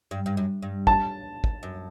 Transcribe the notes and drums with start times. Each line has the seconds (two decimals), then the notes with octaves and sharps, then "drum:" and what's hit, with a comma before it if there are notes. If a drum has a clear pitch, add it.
0.11 G2
0.26 G2
0.37 F#2
0.62 G2
0.87 A5, drum: kick
1.44 drum: kick
1.63 F#2